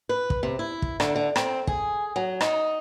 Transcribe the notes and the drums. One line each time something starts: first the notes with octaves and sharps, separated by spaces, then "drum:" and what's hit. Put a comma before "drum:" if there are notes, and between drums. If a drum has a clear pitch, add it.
B4
drum: kick
C3
E4
drum: kick
D3, drum: rim click
D3
C4, drum: rim click
G#4, drum: kick
F#3
D#4, drum: rim click